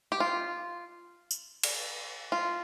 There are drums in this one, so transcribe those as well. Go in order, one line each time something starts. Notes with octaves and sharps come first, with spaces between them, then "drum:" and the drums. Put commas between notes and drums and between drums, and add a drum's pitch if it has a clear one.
G4
F4
drum: tambourine
drum: cymbal
F4